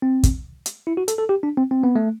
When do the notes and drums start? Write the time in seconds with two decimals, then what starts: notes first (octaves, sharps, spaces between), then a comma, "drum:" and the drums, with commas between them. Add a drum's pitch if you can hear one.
0.02 C4
0.23 drum: kick, hi-hat
0.66 drum: hi-hat
0.87 E4
0.97 F#4
1.08 A4, drum: hi-hat
1.18 A4
1.29 G4
1.43 D4
1.57 C4
1.71 C4
1.84 B3
1.96 A3